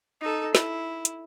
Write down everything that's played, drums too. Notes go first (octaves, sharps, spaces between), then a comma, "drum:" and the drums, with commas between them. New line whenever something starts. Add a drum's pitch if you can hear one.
D#4 A4
E4, drum: snare
drum: hi-hat